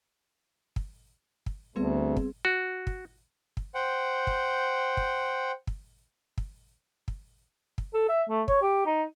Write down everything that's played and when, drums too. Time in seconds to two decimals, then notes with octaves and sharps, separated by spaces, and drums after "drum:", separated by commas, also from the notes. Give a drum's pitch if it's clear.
0.76 drum: kick
1.46 drum: kick
1.76 D2 G3 B3 C4 G#4 B4
2.17 drum: kick
2.45 F#4
2.87 drum: kick
3.57 drum: kick
3.74 C5 F#5 G5
4.27 drum: kick
4.97 drum: kick
5.67 drum: kick
6.38 drum: kick
7.08 drum: kick
7.78 drum: kick
7.94 A4
8.09 E5
8.29 A3
8.48 C#5, drum: kick
8.62 G4
8.86 D#4